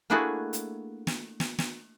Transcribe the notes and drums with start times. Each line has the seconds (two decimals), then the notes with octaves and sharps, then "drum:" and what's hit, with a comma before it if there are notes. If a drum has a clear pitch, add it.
0.10 A3 A#3 D4 E4 F#4 G#4
0.53 drum: hi-hat
1.07 drum: snare
1.40 drum: snare
1.59 drum: snare